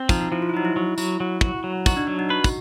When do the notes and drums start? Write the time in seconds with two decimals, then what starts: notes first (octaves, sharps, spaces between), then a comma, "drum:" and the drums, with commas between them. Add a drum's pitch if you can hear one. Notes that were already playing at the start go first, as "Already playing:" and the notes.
Already playing: C4
0.09 F3 D#4, drum: kick, tambourine
0.21 D#4
0.32 F3 E4
0.42 F4
0.49 E4
0.54 F#3 D#4
0.65 E4
0.76 F#3
0.98 F#3 E4, drum: tambourine
1.20 F#3
1.41 F#4, drum: kick
1.64 F#3
1.86 D#4 F#4, drum: kick, tambourine
1.97 D4
2.07 F#3 D4
2.19 D#4
2.29 F#4 B4
2.44 drum: kick, tambourine